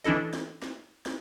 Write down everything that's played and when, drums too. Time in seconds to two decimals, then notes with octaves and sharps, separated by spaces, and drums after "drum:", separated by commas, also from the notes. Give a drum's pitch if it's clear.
0.04 E3 C#4 D4 E4 A4 D#5
0.33 drum: snare
0.62 drum: snare
1.06 drum: snare